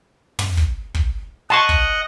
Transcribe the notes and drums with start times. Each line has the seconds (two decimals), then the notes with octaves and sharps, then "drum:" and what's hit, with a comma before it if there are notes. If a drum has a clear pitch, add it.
0.39 drum: tom
0.57 drum: kick
0.94 drum: kick
1.50 D#5 F#5 A5 C6 C#6
1.69 drum: kick